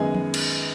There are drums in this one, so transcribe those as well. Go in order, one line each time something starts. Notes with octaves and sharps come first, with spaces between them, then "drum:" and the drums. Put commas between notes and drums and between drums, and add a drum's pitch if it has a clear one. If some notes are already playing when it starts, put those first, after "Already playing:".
Already playing: F#2 D#3 G#3 B3 G#4 G#5
drum: tom F3
drum: cymbal